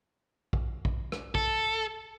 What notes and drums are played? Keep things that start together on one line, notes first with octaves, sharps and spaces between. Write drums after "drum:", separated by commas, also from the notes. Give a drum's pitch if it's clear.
drum: kick
drum: kick
drum: rim click
A4, drum: kick